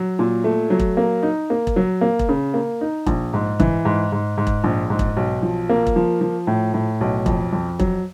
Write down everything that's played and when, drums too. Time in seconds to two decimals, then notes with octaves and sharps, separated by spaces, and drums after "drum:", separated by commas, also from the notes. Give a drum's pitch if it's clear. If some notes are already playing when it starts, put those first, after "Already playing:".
Already playing: F#3
0.19 A#2
0.44 A3
0.70 F#3
0.80 drum: kick E1
0.97 A#3
1.23 D#4
1.50 A#3
1.67 drum: kick E1
1.76 F#3
2.01 A#3
2.19 drum: kick E1
2.29 C#3
2.54 A#3
2.81 D#4
3.07 A#1, drum: kick E1
3.33 G#2
3.60 E3, drum: kick E1
3.85 G#2
4.12 G#2
4.38 G#2
4.47 drum: kick E1
4.64 A#1
4.90 G#2
4.99 drum: kick E1
5.17 B1
5.42 F3
5.69 A#3
5.87 drum: kick E1
5.96 F3
6.21 F3
6.47 A2
6.74 A2
7.01 B1
7.26 F2, drum: kick E1
7.53 F2
7.80 F#3, drum: kick E1